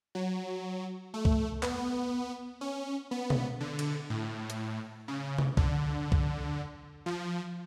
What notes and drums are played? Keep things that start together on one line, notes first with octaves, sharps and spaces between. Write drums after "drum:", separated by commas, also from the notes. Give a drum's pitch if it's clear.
F#3
A3
drum: kick C2
B3, drum: clap
C#4
B3
drum: tom B2
D3
drum: cymbal
A2
drum: hi-hat
C#3
drum: tom C3
D3, drum: kick C2
drum: kick C2
F3